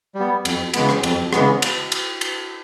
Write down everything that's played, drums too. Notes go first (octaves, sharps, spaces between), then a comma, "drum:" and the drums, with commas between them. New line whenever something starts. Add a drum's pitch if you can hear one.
G3
B3
F2, drum: cymbal
C#3 E3 G#3 B3, drum: cymbal
drum: rim click
F2, drum: cymbal
C#3 E3 G#3 B3, drum: rim click
drum: cymbal
drum: cymbal
drum: cymbal